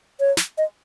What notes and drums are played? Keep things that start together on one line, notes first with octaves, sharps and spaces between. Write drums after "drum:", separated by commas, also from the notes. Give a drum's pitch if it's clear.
C#5
drum: snare
D#5